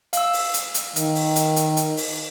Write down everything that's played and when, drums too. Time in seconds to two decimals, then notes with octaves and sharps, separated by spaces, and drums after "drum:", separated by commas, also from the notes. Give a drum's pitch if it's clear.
0.13 F5 E6, drum: hi-hat
0.33 drum: open hi-hat
0.54 drum: hi-hat
0.74 drum: hi-hat
0.96 D#3, drum: hi-hat
1.15 drum: open hi-hat
1.36 drum: hi-hat
1.56 drum: hi-hat
1.77 drum: hi-hat
1.97 drum: open hi-hat